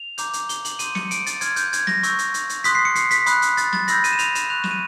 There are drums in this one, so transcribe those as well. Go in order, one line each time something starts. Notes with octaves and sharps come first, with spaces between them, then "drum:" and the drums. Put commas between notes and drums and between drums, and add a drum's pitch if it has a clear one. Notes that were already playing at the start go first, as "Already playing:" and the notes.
Already playing: F7
A#5 D6 G6, drum: hi-hat
drum: hi-hat
G7, drum: hi-hat
F#7, drum: hi-hat
C6 D#6 G6 D#7, drum: hi-hat
C#7, drum: snare
D7, drum: hi-hat
A6, drum: hi-hat
C6 F6 G#6, drum: hi-hat
G6, drum: hi-hat
G#6, drum: hi-hat
A#6, drum: snare
C#6 E6 G6, drum: hi-hat
drum: hi-hat
drum: hi-hat
drum: hi-hat
C6 D#6 F#6 B6, drum: hi-hat
C7
C#7
C7, drum: hi-hat
B6, drum: hi-hat
B5 D#6 F#6, drum: hi-hat
drum: hi-hat
A6, drum: hi-hat
A6, drum: snare
B5 E6 G6 A#6, drum: hi-hat
D#7, drum: hi-hat
E7
F7, drum: hi-hat
E7, drum: hi-hat
C#6 F#6 F7
E7, drum: snare
D#7